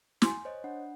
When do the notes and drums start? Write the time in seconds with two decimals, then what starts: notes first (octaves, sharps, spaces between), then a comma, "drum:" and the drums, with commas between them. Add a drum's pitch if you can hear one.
0.22 G#5 C6, drum: snare
0.45 C5 C#5 D#5
0.64 D4 F#5 B5